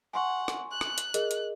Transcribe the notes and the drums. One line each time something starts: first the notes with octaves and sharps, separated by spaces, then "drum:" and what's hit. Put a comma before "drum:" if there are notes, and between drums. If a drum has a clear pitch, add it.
F#5 G#5 C6 C#6
drum: rim click
F#6
drum: rim click
drum: hi-hat
G#4 A#4 D#5, drum: hi-hat
drum: hi-hat